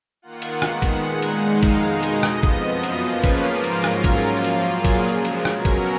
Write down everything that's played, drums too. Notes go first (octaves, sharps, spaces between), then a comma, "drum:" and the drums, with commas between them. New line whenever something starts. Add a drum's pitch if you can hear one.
D#3 A#3 F4 F#5
drum: cymbal
D#3 G#3 B3 F#5, drum: rim click
drum: kick, cymbal
A#2 G#3 D#4 F#5
drum: cymbal
F2 D#3 G#3 D#4 F5
drum: kick, cymbal
B2 G#3 D#4 D#5
drum: cymbal
F2 F3 B3, drum: rim click
drum: kick
F#2 F3 B3
drum: cymbal
C#3 F3 A#3 C#4 F4 B4
drum: kick, cymbal
G#2 F3 A#3 F4 A#4
drum: cymbal
G#2 F#3 C#4 F4 A#4, drum: rim click
drum: kick, cymbal
F#2 F3 A#3 F4
drum: cymbal
A#2 F#3 A#3 F4 G#4
drum: kick, cymbal
C#3 F3 G#3
drum: cymbal
B2 F#3 C#4 A#4, drum: rim click
drum: kick, cymbal